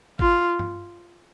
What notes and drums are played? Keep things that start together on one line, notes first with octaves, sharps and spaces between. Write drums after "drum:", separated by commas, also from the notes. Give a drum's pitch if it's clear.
F4, drum: kick G#1
drum: tom G2